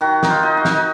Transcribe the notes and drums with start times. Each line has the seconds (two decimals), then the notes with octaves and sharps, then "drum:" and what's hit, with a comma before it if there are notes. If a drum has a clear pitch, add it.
0.01 D#3 F#4
0.23 D#4, drum: snare
0.30 F4
0.43 D#4
0.57 F#4
0.65 D#4, drum: snare